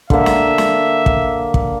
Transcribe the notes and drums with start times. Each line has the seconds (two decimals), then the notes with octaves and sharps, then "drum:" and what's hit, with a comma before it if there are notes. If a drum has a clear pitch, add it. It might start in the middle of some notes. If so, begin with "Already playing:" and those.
0.10 D3 A#3 E5, drum: kick
0.26 drum: snare
0.58 drum: snare
1.06 drum: kick
1.54 drum: kick